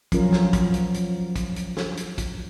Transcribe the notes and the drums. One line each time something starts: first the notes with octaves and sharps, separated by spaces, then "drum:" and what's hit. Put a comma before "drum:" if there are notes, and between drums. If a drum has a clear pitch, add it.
F3 F#3 C#4 F4 A#4, drum: kick, hi-hat
drum: snare
drum: kick, hi-hat
drum: hi-hat
drum: hi-hat
drum: kick, hi-hat
drum: hi-hat
drum: snare
drum: hi-hat
drum: kick, hi-hat